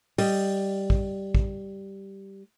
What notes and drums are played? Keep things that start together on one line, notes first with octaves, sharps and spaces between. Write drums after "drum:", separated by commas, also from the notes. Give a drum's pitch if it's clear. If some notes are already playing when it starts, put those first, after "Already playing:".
G3 D#5, drum: open hi-hat
drum: kick
drum: kick